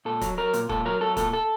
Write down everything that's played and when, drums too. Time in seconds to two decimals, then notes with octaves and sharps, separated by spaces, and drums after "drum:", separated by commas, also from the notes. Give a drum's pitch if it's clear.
0.05 A#2 A4
0.21 F#3, drum: kick C#1, hi-hat
0.38 F#3 A#4
0.53 A#2, drum: hi-hat
0.69 A#2 A4, drum: kick C#1
0.85 F#3 A#4
1.01 F#3 A4
1.17 A#2 A4, drum: kick C#1, hi-hat
1.33 A4